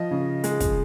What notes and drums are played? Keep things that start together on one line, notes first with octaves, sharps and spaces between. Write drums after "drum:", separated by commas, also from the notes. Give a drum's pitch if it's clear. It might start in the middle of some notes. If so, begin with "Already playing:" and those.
Already playing: F3 D#5
C#3
G#3, drum: hi-hat
drum: kick, hi-hat